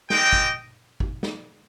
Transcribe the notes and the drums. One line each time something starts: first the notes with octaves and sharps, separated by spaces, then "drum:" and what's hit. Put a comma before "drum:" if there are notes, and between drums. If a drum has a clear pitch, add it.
G#3 C4 G4 D#5 G5, drum: snare
drum: kick G#1
drum: kick G#1
drum: snare